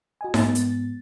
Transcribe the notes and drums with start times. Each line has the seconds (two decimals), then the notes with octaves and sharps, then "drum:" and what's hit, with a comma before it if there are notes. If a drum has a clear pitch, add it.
0.21 F#4 D#5 G#5
0.34 G#2 B3 A6, drum: snare D#4
0.55 drum: hi-hat